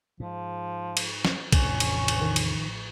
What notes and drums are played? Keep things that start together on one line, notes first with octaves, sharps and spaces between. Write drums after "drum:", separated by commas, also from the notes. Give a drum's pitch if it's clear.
G#2 F3
drum: cymbal
drum: snare
A1 E2 C3 F3 C#4 D4 C#6, drum: kick, cymbal
drum: cymbal
drum: cymbal
D#3
drum: cymbal